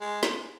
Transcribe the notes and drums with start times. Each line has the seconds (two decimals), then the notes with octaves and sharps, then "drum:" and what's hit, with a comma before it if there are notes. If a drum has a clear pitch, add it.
0.01 G#3
0.23 drum: snare